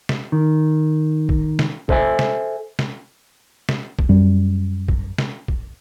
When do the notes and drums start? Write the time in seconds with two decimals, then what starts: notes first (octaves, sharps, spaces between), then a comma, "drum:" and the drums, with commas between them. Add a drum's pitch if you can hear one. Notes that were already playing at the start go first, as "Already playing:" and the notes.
0.09 drum: snare
0.32 D#3
1.29 drum: kick
1.59 drum: snare
1.89 A4 C5 E5 G#5, drum: kick
2.19 drum: snare
2.79 drum: snare
3.69 drum: snare
3.99 drum: kick
4.09 F#2 G3
4.88 drum: kick
5.18 drum: snare
5.48 drum: kick